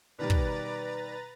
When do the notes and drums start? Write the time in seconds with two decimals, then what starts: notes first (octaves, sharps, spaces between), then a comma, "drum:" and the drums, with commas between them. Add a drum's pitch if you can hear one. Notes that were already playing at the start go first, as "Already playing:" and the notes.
0.19 B2 D#3 G3 B4 D5 A#5 A6
0.30 drum: kick